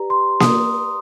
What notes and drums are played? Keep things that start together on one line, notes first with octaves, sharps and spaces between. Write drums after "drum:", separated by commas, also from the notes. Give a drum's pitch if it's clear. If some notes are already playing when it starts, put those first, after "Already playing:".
Already playing: G4 B4 D5 A#5
C6
G4 B4 D5 D#6, drum: snare A#3